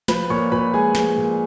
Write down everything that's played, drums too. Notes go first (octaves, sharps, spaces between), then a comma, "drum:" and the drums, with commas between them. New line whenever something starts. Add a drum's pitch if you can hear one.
F3 B4 B5, drum: snare
A#2 C#5 C#6
A#2 B4 B5
G#3 G#4 G#5
F3, drum: snare
A#2